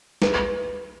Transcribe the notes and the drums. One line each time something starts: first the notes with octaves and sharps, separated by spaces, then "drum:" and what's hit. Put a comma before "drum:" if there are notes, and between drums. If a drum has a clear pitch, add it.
B4, drum: snare